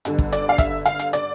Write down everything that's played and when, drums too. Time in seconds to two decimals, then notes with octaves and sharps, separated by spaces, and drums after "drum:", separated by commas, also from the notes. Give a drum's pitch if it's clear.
0.05 G1 G2 D3, drum: hi-hat
0.18 drum: kick
0.33 D5, drum: hi-hat
0.49 F5
0.58 E5, drum: kick, hi-hat
0.86 F5, drum: hi-hat
0.99 drum: hi-hat
1.13 D5, drum: hi-hat